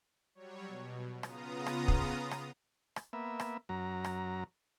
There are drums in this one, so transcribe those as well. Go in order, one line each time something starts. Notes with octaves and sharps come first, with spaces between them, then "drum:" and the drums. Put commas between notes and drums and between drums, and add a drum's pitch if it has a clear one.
F#3 G3 C#5
B2
C#3 B3 F4 A#5 D#6, drum: rim click
drum: rim click
drum: kick
drum: rim click
drum: rim click
A#3 B3 E5
drum: rim click
F#2 F#3 A#5
drum: rim click